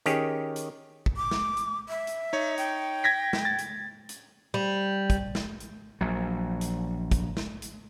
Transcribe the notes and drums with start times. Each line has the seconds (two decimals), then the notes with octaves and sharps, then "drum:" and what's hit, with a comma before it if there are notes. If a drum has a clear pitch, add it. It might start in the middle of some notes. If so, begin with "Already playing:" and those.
0.06 D#3 C#4 G4 G#4, drum: hi-hat
0.56 drum: hi-hat
1.06 drum: kick
1.17 D6
1.31 drum: snare
1.57 drum: hi-hat
1.89 E5
2.07 drum: hi-hat
2.33 D#4 C#5
2.58 G5, drum: hi-hat
3.04 G#6 A#6 B6
3.33 drum: snare
3.45 A6
3.58 drum: hi-hat
4.09 drum: hi-hat
4.54 G3
5.10 drum: kick, hi-hat
5.35 drum: snare
5.60 drum: hi-hat
6.01 A#1 F#3
6.61 drum: hi-hat
7.11 drum: kick, hi-hat
7.37 drum: snare
7.62 drum: hi-hat